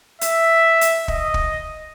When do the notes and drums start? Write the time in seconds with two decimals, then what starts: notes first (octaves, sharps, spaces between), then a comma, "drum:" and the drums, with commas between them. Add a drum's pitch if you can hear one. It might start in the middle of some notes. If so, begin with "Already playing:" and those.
0.21 E5, drum: hi-hat
0.81 drum: hi-hat
1.08 D#5, drum: kick
1.34 drum: kick